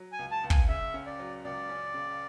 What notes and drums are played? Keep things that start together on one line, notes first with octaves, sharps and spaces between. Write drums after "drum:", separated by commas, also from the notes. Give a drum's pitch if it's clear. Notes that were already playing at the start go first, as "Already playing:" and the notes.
Already playing: F#3
G#5
C#2
A5
C#2
G#5, drum: kick
C#3 E5
C#4
D5
F#3
C#2 D5
C#4
C#3